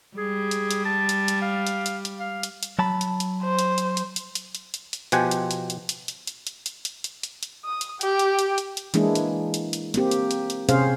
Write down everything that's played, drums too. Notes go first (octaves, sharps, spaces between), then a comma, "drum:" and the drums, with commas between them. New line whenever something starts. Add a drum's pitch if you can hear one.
G3 G#4
drum: hi-hat
drum: hi-hat
A5
drum: hi-hat
drum: hi-hat
F5
drum: hi-hat
drum: hi-hat
drum: hi-hat
F5
drum: hi-hat
drum: hi-hat
F#3 A5 B5
drum: hi-hat
drum: hi-hat
C5
drum: hi-hat
drum: hi-hat
drum: hi-hat
drum: hi-hat
drum: hi-hat
drum: hi-hat
drum: hi-hat
drum: hi-hat
B2 F3 G4 C5 F#5 G#5, drum: hi-hat
drum: hi-hat
drum: hi-hat
drum: hi-hat
drum: hi-hat
drum: hi-hat
drum: hi-hat
drum: hi-hat
drum: hi-hat
drum: hi-hat
drum: hi-hat
drum: hi-hat
drum: hi-hat
D#6
drum: hi-hat
G4, drum: hi-hat
drum: hi-hat
drum: hi-hat
drum: hi-hat
drum: hi-hat
E3 G#3 A#3 D4 E4 G#4, drum: hi-hat
drum: hi-hat
drum: hi-hat
drum: hi-hat
A#3 C4 G4, drum: hi-hat
drum: hi-hat
drum: hi-hat
drum: hi-hat
C3 C4 C#4 G#4 C5 F5, drum: hi-hat